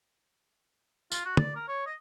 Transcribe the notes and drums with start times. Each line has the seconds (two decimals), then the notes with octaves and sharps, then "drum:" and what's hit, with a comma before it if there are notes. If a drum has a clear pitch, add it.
1.12 F4, drum: tambourine
1.25 F#4
1.37 D5, drum: tom
1.56 A#4
1.68 C#5
1.86 D#5